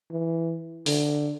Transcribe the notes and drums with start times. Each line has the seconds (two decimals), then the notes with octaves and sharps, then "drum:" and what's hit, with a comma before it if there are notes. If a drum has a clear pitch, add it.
0.11 E3
0.86 D3, drum: open hi-hat